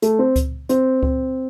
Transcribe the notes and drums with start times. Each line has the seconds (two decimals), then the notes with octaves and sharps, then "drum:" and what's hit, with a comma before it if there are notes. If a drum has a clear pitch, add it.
0.02 A3, drum: hi-hat
0.19 C4
0.36 drum: kick C#2, hi-hat
0.69 C4, drum: hi-hat
1.03 C4, drum: kick C#2